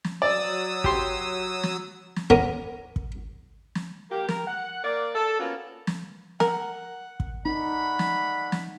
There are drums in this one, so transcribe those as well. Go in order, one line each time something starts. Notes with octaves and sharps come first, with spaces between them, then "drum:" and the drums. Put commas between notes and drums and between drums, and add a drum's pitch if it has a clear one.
drum: snare
F#3 D5 D#6 E6
G4 C6, drum: kick
drum: snare
drum: snare
B3 C#4 A#4 D6
drum: kick
drum: snare
A#3 G4
A#4, drum: snare
F#5
A#3 D5
A4
A#3 B3 C#4 F4 F#4
drum: snare
A#4 F#5, drum: snare
drum: kick
A3 D#4 D5 F#5 B5
drum: snare
drum: snare